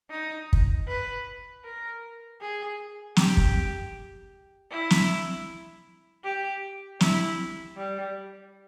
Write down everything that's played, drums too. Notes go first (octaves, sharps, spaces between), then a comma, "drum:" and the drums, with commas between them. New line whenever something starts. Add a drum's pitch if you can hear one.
D#4
drum: kick
B4
A#4
G#4
G4, drum: snare
drum: kick
E4
drum: snare
G4
E4, drum: snare
G3